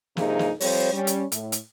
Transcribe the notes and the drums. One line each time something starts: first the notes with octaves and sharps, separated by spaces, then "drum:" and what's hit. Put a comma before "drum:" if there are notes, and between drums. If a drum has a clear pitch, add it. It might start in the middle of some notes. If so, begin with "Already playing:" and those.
G2 C3 F3 A#3 D#4 G#4, drum: snare
drum: snare
F3 G3 C4 A4 C5 C#5, drum: open hi-hat
G3 C#4
drum: hi-hat
A2, drum: hi-hat
drum: hi-hat